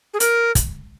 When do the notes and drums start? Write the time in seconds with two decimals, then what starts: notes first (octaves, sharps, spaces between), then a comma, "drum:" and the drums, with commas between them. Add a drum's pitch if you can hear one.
0.14 G#4
0.20 A#4, drum: hi-hat
0.55 drum: kick, hi-hat